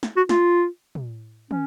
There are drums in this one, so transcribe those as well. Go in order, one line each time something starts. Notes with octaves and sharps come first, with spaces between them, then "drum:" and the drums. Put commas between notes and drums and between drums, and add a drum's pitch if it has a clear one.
drum: snare
F#4
F4, drum: snare
drum: tom
C#4, drum: tom